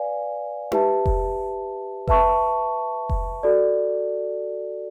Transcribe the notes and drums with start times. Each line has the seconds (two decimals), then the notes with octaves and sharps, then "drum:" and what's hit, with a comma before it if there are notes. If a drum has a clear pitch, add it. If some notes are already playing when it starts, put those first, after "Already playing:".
Already playing: B4 D5 F5 G#5
0.72 G4 B4 E5 A5, drum: tom D#4
1.06 drum: kick F1
2.07 B4 E5 A5 C#6, drum: kick F1
3.09 drum: kick F1
3.43 F#4 A4 D5